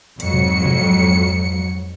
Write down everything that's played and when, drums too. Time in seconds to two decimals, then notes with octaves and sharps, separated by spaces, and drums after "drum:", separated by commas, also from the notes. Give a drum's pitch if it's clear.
0.20 F2 G#2 F#3 C#7, drum: hi-hat
0.33 drum: tom B2
0.65 drum: tom B2